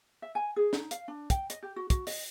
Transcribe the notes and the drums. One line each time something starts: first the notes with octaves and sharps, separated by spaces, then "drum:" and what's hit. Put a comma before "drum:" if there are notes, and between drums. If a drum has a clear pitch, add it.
E5
G#5
G#4
D#4, drum: snare
F5, drum: hi-hat
D4
G5, drum: kick, hi-hat
D#5, drum: hi-hat
G4
F#4
F#4, drum: kick, hi-hat
D#5, drum: open hi-hat